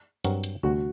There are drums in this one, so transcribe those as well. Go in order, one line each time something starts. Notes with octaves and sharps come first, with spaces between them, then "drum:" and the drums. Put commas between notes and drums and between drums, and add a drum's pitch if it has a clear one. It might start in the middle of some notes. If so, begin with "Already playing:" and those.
G2 F#3 C4 F#4 A#4, drum: hi-hat
drum: hi-hat
D2 C3 G3 F#4